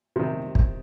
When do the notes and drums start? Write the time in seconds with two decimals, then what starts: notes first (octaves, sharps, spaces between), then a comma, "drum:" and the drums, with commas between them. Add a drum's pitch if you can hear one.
0.16 C3 D#3
0.55 drum: kick